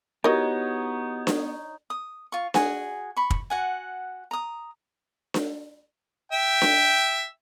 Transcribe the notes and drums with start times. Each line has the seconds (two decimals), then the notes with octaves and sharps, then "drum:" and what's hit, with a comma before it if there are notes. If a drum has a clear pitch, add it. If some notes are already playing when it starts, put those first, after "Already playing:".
0.24 B3 D#4 E4 F#4 G4 A#4 C#5 D#5
1.27 drum: snare D4
1.90 D#6
2.32 F4 C#6
2.54 F#4 G#4 G#5, drum: snare D4
3.16 B5 C#6
3.30 drum: kick
3.50 F#4 F#5 G#5
4.31 A#5 D#6
5.34 drum: snare D4
6.32 E5 G5
6.61 drum: snare D4